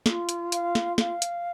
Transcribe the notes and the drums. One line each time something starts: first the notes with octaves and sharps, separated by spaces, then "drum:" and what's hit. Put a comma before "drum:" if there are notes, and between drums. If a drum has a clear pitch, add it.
F4, drum: snare
drum: hi-hat
F5, drum: hi-hat
drum: snare
F5, drum: snare
drum: hi-hat